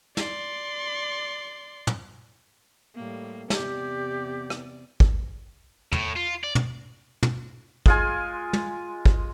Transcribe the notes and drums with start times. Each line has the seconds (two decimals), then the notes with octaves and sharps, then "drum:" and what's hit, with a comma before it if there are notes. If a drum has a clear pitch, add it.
0.17 D5 C6, drum: snare
1.87 drum: tom
2.95 A2 G3 A#3
3.50 E2 C3 G4 D5, drum: snare
4.50 drum: rim click
5.00 drum: kick
5.92 A2, drum: tom
6.17 F4
6.44 D5
6.55 drum: tom
7.23 drum: tom
7.86 G#3 F4 G#5, drum: kick
8.53 drum: tom
9.06 drum: kick